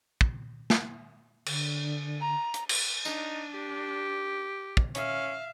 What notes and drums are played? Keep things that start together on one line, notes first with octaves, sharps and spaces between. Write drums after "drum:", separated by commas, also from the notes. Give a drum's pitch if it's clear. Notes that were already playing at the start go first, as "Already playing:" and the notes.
drum: kick
drum: snare
D3, drum: cymbal
A#5
drum: hi-hat
drum: cymbal
D4 D#4, drum: tambourine
G4
drum: kick
C#4 E5 F5, drum: hi-hat